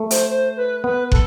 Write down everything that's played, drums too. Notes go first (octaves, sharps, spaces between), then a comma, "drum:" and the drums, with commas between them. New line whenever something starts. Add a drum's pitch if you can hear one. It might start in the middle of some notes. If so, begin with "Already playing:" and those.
Already playing: A3
C5, drum: hi-hat
C5
B4
B3 B4
A4, drum: kick